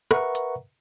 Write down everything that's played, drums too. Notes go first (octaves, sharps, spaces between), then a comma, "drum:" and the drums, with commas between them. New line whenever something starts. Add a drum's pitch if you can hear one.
A#4 B4 E5 F#5 A#5 C#6, drum: rim click
drum: hi-hat